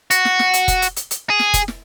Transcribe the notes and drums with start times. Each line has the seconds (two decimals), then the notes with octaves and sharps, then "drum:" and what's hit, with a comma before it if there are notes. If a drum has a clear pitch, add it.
0.11 F#4, drum: hi-hat
0.25 drum: snare
0.39 drum: snare
0.54 drum: hi-hat
0.68 drum: kick F1, hi-hat
0.82 drum: hi-hat
0.96 drum: hi-hat
1.11 drum: hi-hat
1.30 G#4
1.39 drum: snare
1.54 drum: kick F1, hi-hat
1.68 drum: snare